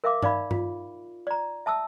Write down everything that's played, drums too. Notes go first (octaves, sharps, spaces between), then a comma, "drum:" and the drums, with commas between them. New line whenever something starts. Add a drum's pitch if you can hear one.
A#4 E5 F5 D6
D#4 D5 F5 B5, drum: tom G2
F4, drum: tom G2
D5 A#5
E5 A5 D#6 E6